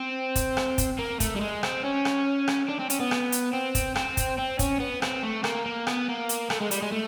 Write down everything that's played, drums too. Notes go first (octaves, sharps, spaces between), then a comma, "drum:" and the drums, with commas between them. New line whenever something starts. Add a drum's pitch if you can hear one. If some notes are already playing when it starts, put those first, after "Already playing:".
Already playing: C4
drum: kick, hi-hat
drum: rim click
drum: kick, hi-hat
A#3
A3, drum: kick, hi-hat
G3
G#3
C4, drum: rim click
C#4
drum: rim click
drum: rim click
D4
C4
C#4, drum: hi-hat
B3
drum: rim click
drum: hi-hat
C4
drum: kick, hi-hat
C4, drum: rim click
drum: kick, hi-hat
C4
C#4, drum: kick, hi-hat
B3
C4, drum: rim click
A3
A#3, drum: rim click
A#3
B3, drum: rim click
A#3
drum: hi-hat
A3, drum: rim click
G#3
G3, drum: hi-hat
G#3
A3